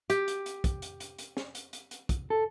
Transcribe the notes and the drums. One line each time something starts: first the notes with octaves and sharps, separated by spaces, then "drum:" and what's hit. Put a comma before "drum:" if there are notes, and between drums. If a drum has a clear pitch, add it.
G4, drum: hi-hat
drum: hi-hat
drum: hi-hat
drum: kick, hi-hat
drum: hi-hat
drum: hi-hat
drum: hi-hat
drum: snare
drum: hi-hat
drum: hi-hat
drum: hi-hat
drum: kick, hi-hat
A4